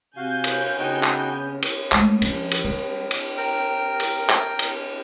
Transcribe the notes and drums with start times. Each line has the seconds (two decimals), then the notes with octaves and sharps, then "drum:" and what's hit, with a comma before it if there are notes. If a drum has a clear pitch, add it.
0.17 C3 F#4 F5 G#5 G6
0.44 drum: cymbal
0.78 C#3 B3 C#4 D#4 F#4 G5
1.03 drum: clap
1.62 drum: cymbal
1.92 G#3 A3, drum: clap
2.22 F3 C#4, drum: cymbal
2.51 drum: cymbal
2.64 G3
3.11 drum: cymbal
3.37 A#4 G5
4.00 drum: cymbal
4.29 drum: clap
4.59 drum: cymbal